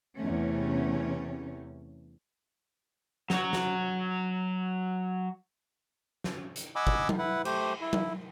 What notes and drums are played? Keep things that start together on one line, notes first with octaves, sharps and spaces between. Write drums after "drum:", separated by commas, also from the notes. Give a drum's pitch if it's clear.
E2 C3 A3 C#4
F#3 C#5, drum: snare
drum: snare
drum: snare
drum: hi-hat
D#5 F#5 G#5 B5 D6 E6
drum: kick
drum: tom F#3
E4 B4 F#5
A3 G4 C5, drum: cymbal
E4
drum: tom F#3